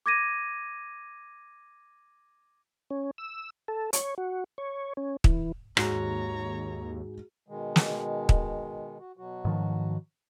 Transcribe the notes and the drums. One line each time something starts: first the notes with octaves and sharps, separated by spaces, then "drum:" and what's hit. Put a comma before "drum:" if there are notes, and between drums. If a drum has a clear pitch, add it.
D6 G#6 A#6 D#7
C#4
E6
A4
C#5, drum: hi-hat
F#4
C#5
C#4
E3, drum: kick
D#2 G#2 F#4 G#4 C#5 A#5, drum: rim click
B2 D#3 G#3
drum: snare
drum: kick
F#4
B2 F#3 F#4
G#2 D#3 F3